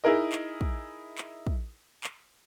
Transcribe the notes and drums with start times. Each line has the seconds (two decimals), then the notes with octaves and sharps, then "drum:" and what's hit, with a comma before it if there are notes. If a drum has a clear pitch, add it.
0.04 D#4 E4 G#4 A#4 D#5
0.32 drum: clap
0.61 drum: kick
1.18 drum: clap
1.47 drum: kick
2.04 drum: clap